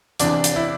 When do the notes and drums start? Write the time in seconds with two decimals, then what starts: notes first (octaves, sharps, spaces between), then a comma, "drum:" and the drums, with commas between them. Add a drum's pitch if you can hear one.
0.20 E2 C3 E3 D4, drum: hi-hat
0.44 drum: hi-hat
0.56 E4